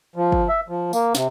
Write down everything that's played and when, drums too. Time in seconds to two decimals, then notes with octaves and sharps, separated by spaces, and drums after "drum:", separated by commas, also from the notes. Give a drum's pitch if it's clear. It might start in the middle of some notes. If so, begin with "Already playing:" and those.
0.16 F3
0.32 drum: kick
0.49 E5
0.68 F3
0.93 A#3, drum: tambourine
1.15 C3, drum: snare